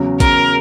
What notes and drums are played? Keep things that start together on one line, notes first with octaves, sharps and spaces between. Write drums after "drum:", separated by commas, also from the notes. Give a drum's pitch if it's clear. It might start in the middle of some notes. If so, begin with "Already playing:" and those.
Already playing: E2 C#3 F#3 C#4
A#4, drum: kick, hi-hat